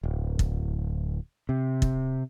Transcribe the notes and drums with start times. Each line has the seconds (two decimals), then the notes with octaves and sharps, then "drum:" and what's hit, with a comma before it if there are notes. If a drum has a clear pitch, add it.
0.03 D1
0.39 drum: kick
1.49 C3
1.82 drum: kick